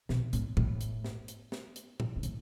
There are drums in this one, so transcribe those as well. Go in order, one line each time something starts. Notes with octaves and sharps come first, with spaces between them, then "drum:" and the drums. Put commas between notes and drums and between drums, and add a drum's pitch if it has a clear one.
B2, drum: snare
A2, drum: hi-hat
A2, drum: tom
drum: hi-hat
drum: snare
drum: hi-hat
drum: snare
drum: hi-hat
drum: tom
B2
A2, drum: hi-hat